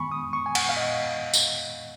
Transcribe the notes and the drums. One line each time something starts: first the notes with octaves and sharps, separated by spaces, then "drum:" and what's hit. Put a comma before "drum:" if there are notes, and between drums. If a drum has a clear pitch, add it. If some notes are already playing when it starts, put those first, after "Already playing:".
Already playing: F2 D#3 G#3 B3 G#5 B5 C#6
D#6
C#6
G#5
F#5, drum: cymbal
F5
D#5
drum: tambourine